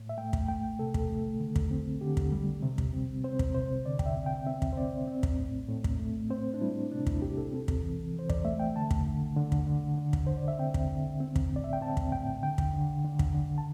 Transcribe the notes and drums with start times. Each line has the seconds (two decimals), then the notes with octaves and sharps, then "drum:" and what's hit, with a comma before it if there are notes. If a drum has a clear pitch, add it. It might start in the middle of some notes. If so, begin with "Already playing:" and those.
Already playing: A2
0.09 E5
0.18 A3 G5
0.33 drum: kick
0.48 A3 G5
0.79 C3 A4
0.94 drum: kick
1.10 A3
1.40 D3
1.56 drum: kick
1.71 C4
2.01 D3 G4
2.17 drum: kick
2.32 G3
2.63 C3
2.78 drum: kick
2.93 C4
3.24 C4 C5
3.39 drum: kick
3.55 C3 C5
3.86 D3 D5
3.99 G5, drum: kick
4.06 E5
4.16 C4
4.26 G5
4.46 C4 E5
4.62 drum: kick
4.73 C5
4.77 C4 D5
5.08 C4
5.23 drum: kick
5.39 A2
5.69 A2
5.84 drum: kick
5.99 A3
6.30 C4 C5
6.54 D4
6.61 G3 E4
6.91 C3 D4
7.07 E4, drum: kick
7.22 C3 G4
7.38 A4
7.53 C4
7.68 drum: kick
7.83 E3
8.14 E3
8.19 C5
8.30 D5, drum: kick
8.45 A3 E5
8.59 G5
8.76 D3 A5
8.91 drum: kick
9.06 D3
9.37 D3
9.52 drum: kick
9.67 D3
9.98 D3
10.13 drum: kick
10.27 D3 C5
10.37 D5
10.48 E5
10.59 C4 G5
10.74 drum: kick
10.90 D3
11.20 C4
11.36 drum: kick
11.51 A2 D5
11.64 E5
11.73 G5
11.82 C4 A5
11.97 drum: kick
12.12 A2 G5
12.43 D3 G5
12.58 drum: kick
12.73 D3
13.04 D3
13.19 drum: kick
13.34 D3
13.58 A5